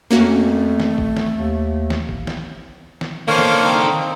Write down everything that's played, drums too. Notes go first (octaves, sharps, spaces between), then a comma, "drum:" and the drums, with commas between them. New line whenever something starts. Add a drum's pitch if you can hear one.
F2 A3 A#3 C#4 F#4
drum: snare
drum: kick
drum: snare
D#2
drum: snare
drum: kick
drum: snare
drum: snare
D3 D#3 A#3 A4 C5 C#5 F5
drum: snare
C4 D#4